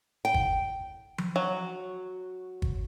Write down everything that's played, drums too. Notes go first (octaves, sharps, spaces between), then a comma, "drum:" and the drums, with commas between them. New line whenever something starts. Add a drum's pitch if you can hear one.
G5
drum: kick G1
drum: tom F3
F#3
drum: kick G1